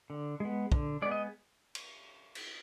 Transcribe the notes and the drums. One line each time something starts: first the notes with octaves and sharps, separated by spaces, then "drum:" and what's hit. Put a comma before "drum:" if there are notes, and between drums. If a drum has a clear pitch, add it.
D3
G#3 B3
D3, drum: kick
G#3 B3 D5
D#5
drum: cymbal
drum: cymbal